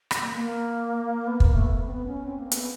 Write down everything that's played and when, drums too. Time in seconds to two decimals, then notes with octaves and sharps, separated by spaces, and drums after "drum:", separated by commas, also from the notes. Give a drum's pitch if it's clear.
0.11 drum: rim click
0.22 A#3
0.35 B3
0.39 A#3
1.27 B3
1.40 A#3, drum: kick
1.54 A3
1.66 B3
1.86 C4
1.91 B3
2.06 C#4
2.27 C4
2.37 A#3
2.47 C4
2.52 B3, drum: hi-hat